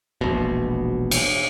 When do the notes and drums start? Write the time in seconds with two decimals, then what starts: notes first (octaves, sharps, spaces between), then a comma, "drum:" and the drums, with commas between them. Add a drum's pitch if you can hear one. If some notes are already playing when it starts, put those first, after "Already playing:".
0.21 E1 A#1 B2
1.11 drum: cymbal